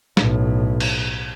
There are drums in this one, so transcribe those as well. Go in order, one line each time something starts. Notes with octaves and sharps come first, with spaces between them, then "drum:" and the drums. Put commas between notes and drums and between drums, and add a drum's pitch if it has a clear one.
B1 A2, drum: snare
drum: cymbal